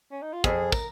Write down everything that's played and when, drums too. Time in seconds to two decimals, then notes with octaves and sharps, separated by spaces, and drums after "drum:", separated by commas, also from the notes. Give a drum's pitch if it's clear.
0.11 C#4
0.22 D#4
0.33 F4
0.44 F2 G#4, drum: kick
0.72 A#4, drum: kick, tambourine